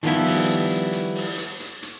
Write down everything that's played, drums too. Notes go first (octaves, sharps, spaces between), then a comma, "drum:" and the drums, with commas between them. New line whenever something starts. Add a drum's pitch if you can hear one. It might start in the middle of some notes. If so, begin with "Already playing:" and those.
D#3 F3 G3 B3 E4, drum: hi-hat
drum: open hi-hat
drum: hi-hat
drum: hi-hat
drum: open hi-hat
drum: hi-hat
drum: hi-hat
drum: hi-hat